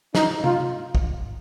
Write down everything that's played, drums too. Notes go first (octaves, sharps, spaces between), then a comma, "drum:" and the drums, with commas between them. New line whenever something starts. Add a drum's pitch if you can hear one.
D#4, drum: snare
F4, drum: tom
drum: kick